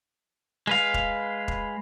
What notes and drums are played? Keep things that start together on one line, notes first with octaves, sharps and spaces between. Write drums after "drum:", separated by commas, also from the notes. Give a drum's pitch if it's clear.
G#3 B4 F5
drum: kick E1
drum: kick E1